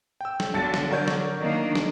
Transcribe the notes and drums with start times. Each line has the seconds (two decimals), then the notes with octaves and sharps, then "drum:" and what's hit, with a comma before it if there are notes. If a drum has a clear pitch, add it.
0.21 G5 E6
0.40 drum: snare
0.54 B1 D3 A5 A6 C#7
0.74 drum: snare
0.91 F#3 A#4 C#5 D5 G6
1.08 drum: snare
1.38 D#3 A#3 D4
1.75 drum: snare